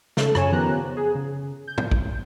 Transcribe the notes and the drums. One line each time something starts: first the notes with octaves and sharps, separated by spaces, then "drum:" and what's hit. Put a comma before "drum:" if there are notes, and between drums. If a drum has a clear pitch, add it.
C#3 A4, drum: snare
F#2 C#3 C#5 G#5 E7, drum: rim click
D#3 F3 B3 G4 A#5 F#6
G#4
C#3
G6
drum: tom A2
drum: kick